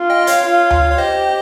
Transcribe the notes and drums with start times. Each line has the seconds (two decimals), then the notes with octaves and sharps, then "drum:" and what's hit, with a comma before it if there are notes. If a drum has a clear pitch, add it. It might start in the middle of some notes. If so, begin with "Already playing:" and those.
Already playing: F4
0.10 D#5 G5
0.27 C#5 F5, drum: hi-hat
0.46 F4
0.70 drum: tom D2
0.91 C#5
0.98 G4 C5 D#5